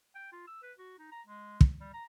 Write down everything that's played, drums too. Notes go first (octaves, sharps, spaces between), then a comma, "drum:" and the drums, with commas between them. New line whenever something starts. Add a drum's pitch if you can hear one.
G5
F4
E6
B4
F#4
D#4
A#5
G#3
drum: kick
G3
A#5